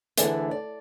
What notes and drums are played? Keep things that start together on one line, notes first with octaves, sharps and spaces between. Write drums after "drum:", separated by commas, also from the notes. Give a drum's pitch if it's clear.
D2 D3 E3 G#4 D5 E5, drum: hi-hat
D5